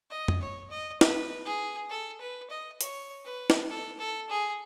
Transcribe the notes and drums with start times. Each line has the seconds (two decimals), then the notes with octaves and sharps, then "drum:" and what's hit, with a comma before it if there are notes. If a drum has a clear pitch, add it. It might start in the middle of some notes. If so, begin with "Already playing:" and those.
0.10 D#5
0.28 drum: tom
0.41 C#5
0.70 D#5
1.01 B4, drum: snare
1.45 G#4
1.90 A4
2.21 B4
2.50 D#5
2.81 C#5, drum: hi-hat
3.25 B4
3.50 drum: snare
3.70 A4
3.99 A4
4.30 G#4